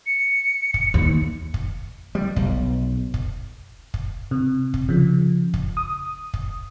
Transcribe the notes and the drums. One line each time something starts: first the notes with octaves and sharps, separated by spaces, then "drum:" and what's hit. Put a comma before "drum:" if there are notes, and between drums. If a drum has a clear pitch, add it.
C#7
drum: kick
D#2
drum: kick
G3
B1, drum: kick
drum: kick
drum: kick
C3
drum: kick
C#3 F3
drum: kick
D#6
drum: kick